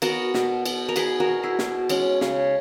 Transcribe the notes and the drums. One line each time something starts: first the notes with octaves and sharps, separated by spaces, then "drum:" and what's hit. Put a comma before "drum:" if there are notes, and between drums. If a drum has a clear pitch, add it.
B3 F#4 A#4, drum: cymbal
B2, drum: snare
B2, drum: cymbal
A#4
B3 G#4 B4, drum: cymbal
F#4 A#4
B2
E4 G#4
B2, drum: snare
G#3 C#4, drum: cymbal
C#3, drum: snare